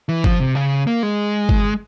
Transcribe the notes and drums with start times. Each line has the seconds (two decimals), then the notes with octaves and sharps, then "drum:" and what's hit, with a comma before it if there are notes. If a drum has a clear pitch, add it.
0.09 E3
0.24 F3, drum: kick G1
0.40 C3
0.55 C#3
0.87 A#3
1.03 G#3
1.49 drum: kick G1